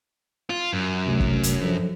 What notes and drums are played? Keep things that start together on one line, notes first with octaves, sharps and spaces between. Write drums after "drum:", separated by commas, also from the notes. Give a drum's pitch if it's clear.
F4
F#2
C#2 C3 A3
drum: kick
drum: hi-hat
F3 D4 A4